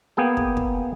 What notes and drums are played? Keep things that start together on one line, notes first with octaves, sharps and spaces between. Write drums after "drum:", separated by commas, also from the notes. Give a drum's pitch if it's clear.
A#3 B3 G#4 G5
drum: kick
drum: kick